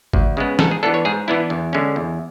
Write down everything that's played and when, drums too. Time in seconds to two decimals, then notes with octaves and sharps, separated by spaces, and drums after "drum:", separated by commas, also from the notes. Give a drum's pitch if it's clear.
0.13 D2, drum: kick
0.37 C#3 G#3 B3
0.59 G#2 A4, drum: snare
0.71 G#4
0.83 E3 B3 D4 A4
0.94 C#5
1.05 G#2 G#4
1.28 E3 B3 D4 E4
1.50 E2
1.73 D3 G#3 C#4
1.96 E2